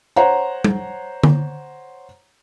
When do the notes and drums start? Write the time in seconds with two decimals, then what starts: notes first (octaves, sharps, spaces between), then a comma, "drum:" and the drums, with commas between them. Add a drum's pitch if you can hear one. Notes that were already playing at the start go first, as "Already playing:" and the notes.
0.16 C5 C#5 F#5 A#5
0.64 drum: tom G3
1.24 drum: tom D3